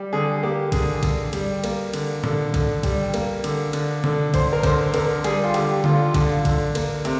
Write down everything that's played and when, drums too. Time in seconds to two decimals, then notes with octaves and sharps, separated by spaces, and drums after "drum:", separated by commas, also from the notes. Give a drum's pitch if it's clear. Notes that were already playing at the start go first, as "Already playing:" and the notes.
Already playing: G3
0.13 D3 G#4
0.43 A#3 G4
0.72 D3 G#4, drum: kick, cymbal
1.03 D3, drum: kick, cymbal
1.33 G3, drum: cymbal
1.64 A#3, drum: cymbal
1.94 D3, drum: cymbal
2.24 D3, drum: tom A2
2.54 D3, drum: kick, cymbal
2.83 G3, drum: kick, cymbal
3.14 A#3, drum: cymbal
3.44 D3, drum: cymbal
3.73 D3, drum: cymbal
4.04 D3, drum: tom C3
4.34 D3 C5, drum: kick, cymbal
4.53 A#4
4.63 D3 C5, drum: kick, cymbal
4.94 D3 A#4, drum: cymbal
5.24 G3 G#4, drum: cymbal
5.43 F4
5.54 D3 G4, drum: cymbal
5.84 D3 F4, drum: tom D3
6.14 D3, drum: kick, cymbal
6.45 D3, drum: kick, cymbal
6.75 A#3, drum: cymbal
7.05 C3, drum: cymbal